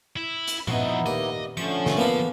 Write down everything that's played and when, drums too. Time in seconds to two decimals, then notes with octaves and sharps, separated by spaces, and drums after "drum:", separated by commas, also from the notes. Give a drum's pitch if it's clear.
0.17 E4
0.48 drum: hi-hat
0.68 F3 B3 D#4 E4 F#4 D#5, drum: tom A#2
1.06 D#2 D5 D#5
1.57 D3 F3 A3 C#4 C#6
1.86 drum: snare
1.97 A#3 B3 A4